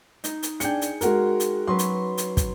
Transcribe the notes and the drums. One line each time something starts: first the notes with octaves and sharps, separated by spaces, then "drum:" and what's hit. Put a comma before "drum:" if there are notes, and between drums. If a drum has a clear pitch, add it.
D#4, drum: hi-hat
drum: hi-hat
D4 G#4 G5 C#7, drum: hi-hat
drum: hi-hat
G#3 F#4 A#4, drum: hi-hat
drum: hi-hat
F#3 C#4 B4 C6
drum: hi-hat
drum: hi-hat
drum: kick, hi-hat